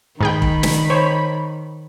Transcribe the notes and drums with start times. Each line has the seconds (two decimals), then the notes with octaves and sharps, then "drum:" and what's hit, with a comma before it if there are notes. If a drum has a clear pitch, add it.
0.21 G#2 D#3 G#4 G5 B5
0.42 drum: kick
0.63 drum: snare
0.90 C5 C#5